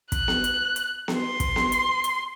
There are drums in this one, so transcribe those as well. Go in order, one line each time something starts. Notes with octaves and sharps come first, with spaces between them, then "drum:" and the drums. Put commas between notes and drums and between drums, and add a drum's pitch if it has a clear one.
F#6, drum: kick, hi-hat
drum: snare B3
drum: hi-hat
drum: hi-hat
drum: snare B3
C6
drum: kick, hi-hat
drum: snare B3
drum: hi-hat
drum: hi-hat